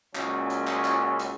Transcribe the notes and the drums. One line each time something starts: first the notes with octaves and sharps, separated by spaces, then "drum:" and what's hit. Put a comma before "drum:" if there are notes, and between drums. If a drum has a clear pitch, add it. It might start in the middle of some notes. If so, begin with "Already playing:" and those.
C#2 A#2 F#3 C#4, drum: clap
drum: hi-hat
drum: clap
drum: clap
drum: hi-hat